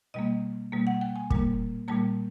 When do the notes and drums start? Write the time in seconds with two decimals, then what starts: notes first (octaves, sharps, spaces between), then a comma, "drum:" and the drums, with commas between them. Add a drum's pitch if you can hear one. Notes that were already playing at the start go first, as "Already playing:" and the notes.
0.14 B2 G3 A#3 D#5
0.72 B2 G3 A#3
0.87 F#5
1.01 G5
1.16 G#5
1.30 A#2 G3 A#3, drum: kick
1.88 A#2 G3 A#3 A5